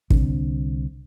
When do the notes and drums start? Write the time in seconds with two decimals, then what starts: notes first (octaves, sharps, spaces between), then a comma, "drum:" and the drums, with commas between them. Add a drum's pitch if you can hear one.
0.10 C2 D3 C4 D4, drum: kick